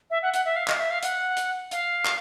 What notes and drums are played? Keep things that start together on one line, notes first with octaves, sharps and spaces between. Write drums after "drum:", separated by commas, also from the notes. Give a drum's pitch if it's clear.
E5
F#5
F#5, drum: hi-hat
E5
F5
D#5, drum: clap
F5
E5
F5
F#5, drum: hi-hat
drum: hi-hat
F5, drum: hi-hat
drum: clap